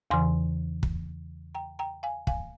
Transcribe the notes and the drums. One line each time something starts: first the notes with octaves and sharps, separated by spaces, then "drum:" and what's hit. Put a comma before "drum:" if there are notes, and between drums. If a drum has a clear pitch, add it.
E2 C#3 E3 G#5 C6
drum: kick
G5 A#5
G5 A#5
F5 G#5
F5 G#5, drum: kick